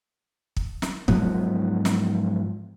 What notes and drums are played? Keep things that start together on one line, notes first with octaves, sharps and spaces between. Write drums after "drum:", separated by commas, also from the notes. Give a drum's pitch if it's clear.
drum: kick
drum: snare
G#2 F3 F#3 B3, drum: kick
drum: snare